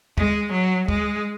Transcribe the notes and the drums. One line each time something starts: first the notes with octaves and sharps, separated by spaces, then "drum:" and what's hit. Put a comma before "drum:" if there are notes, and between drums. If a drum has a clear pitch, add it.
G#3, drum: kick
F#3
G#3, drum: kick